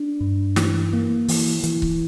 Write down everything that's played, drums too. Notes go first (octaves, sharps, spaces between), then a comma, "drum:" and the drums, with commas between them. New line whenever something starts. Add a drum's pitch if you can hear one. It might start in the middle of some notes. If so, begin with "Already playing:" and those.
Already playing: D4
G2
E3, drum: snare
A#3
E3, drum: open hi-hat
E3, drum: hi-hat
drum: kick C#1